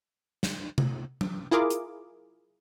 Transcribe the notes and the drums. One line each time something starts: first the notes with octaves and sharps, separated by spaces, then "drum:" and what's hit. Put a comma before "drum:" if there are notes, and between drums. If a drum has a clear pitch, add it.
drum: snare
drum: tom C3
drum: tom F#3
E4 F4 G#4 A#4 D6
drum: hi-hat